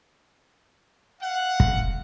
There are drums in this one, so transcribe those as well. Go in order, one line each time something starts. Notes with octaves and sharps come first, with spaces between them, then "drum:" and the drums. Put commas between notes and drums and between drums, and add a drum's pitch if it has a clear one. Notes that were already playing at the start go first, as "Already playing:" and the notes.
F5 F#5
drum: kick